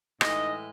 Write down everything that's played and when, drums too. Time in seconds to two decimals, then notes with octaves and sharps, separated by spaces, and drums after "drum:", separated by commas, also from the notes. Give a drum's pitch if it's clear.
0.21 A2 E3 G#3 D#4 D#5, drum: rim click